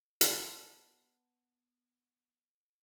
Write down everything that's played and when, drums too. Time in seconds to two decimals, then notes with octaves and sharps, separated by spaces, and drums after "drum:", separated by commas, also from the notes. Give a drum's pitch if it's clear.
0.21 B3 A5 C6, drum: hi-hat